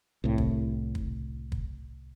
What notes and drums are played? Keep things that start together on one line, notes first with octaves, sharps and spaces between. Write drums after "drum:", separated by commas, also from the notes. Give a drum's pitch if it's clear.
C2 A2
drum: kick
drum: kick
drum: kick